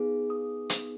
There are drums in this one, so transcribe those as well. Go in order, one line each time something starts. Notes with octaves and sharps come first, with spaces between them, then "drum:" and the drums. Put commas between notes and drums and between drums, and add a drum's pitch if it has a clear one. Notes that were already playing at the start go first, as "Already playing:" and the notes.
Already playing: B3 D#4 G#4
D#6
drum: hi-hat